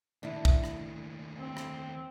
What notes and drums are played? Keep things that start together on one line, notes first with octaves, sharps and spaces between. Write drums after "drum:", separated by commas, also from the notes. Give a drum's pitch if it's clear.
D#2 A3 D4 E4
drum: kick
drum: rim click
C4
drum: rim click